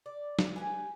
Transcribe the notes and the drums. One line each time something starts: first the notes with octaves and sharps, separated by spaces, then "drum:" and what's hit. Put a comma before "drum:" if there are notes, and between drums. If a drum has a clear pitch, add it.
D5
drum: snare
G4 B4 G#5